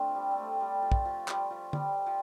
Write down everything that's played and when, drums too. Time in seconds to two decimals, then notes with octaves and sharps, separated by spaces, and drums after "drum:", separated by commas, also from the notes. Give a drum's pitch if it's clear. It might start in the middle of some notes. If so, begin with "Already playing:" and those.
Already playing: A3 C4 D4 F4
0.09 F3
0.15 G3
0.31 C4
0.38 A3
0.60 G3
0.82 F3
0.92 drum: kick
1.05 F3
1.28 G3, drum: clap
1.50 F3
1.73 G3, drum: tom
2.06 F3